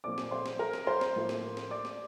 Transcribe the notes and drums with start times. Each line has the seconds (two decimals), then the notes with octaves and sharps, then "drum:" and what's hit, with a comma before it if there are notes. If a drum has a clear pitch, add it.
0.04 A#2 F3 C4 D5 D6
0.18 drum: snare
0.31 C5 C6
0.46 drum: snare
0.59 A#4 A#5
0.74 drum: snare
0.87 C5 C6
1.01 drum: snare
1.16 A2 F3 A#3
1.29 drum: snare
1.57 drum: snare
1.71 D5 D6
1.85 drum: snare